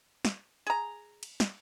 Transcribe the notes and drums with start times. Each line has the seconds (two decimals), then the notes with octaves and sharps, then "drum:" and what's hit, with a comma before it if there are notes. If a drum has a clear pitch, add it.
0.25 drum: snare
0.67 G#4 A#5
1.23 drum: cymbal
1.40 drum: snare